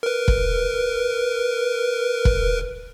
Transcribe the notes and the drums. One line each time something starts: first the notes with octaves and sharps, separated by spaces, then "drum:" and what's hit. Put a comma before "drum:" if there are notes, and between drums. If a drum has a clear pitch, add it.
A#4 B4
drum: kick
drum: kick